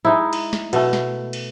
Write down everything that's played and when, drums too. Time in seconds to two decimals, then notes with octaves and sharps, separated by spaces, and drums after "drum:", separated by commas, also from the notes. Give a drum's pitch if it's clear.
0.05 G#3 D#4 E4
0.33 drum: cymbal
0.53 drum: snare
0.73 B2 A3, drum: cymbal
0.93 drum: snare
1.33 drum: cymbal